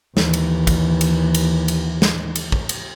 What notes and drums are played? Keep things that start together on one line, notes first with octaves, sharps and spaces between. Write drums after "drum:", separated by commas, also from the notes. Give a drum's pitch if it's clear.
D#2 E3, drum: snare
drum: cymbal
drum: kick, cymbal
drum: cymbal
drum: cymbal
drum: cymbal
drum: snare
drum: cymbal
drum: kick
drum: cymbal